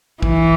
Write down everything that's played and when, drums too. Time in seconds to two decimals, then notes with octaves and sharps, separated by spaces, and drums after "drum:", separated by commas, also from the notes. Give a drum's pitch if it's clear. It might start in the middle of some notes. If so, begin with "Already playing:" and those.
0.22 E3, drum: kick